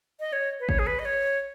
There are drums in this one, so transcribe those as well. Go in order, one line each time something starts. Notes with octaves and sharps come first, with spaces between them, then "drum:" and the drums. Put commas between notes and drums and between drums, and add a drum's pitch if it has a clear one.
D#5
C#5
B4
C#5, drum: kick G#1
G#4
B4
D#5
C#5